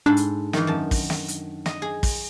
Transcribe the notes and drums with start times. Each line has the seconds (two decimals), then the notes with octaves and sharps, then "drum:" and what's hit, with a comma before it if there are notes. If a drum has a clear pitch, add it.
0.06 G#2 D4 A4 B5
0.17 drum: hi-hat
0.53 D#3 E3, drum: snare
0.67 F#2 A5
0.91 drum: kick, open hi-hat
1.10 drum: snare
1.28 drum: hi-hat
1.66 D#5, drum: snare
1.82 G#4
2.03 drum: kick, open hi-hat